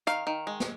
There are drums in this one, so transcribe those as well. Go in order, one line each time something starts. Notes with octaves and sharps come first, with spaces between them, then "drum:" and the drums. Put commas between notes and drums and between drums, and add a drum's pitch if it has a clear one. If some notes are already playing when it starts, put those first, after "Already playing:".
D#3 F5, drum: hi-hat
D#3
G#3
drum: snare